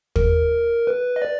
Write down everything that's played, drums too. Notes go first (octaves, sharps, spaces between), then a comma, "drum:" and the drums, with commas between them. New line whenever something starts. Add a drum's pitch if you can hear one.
A#4, drum: kick
B4
D#5
D5